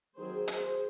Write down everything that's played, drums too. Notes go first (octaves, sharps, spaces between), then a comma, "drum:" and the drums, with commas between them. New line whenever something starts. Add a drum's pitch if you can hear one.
D#3 F#3 C4 G#4 C5
G#4 C5, drum: hi-hat